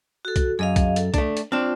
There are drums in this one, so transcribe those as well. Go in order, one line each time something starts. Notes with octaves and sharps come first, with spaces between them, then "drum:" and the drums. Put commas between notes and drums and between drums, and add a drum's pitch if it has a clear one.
F#4 A4
drum: kick, hi-hat
F#2 G#4 D#5 F5
drum: kick, hi-hat
A4, drum: hi-hat
A3 D4, drum: kick, hi-hat
drum: hi-hat
C4 D4 F4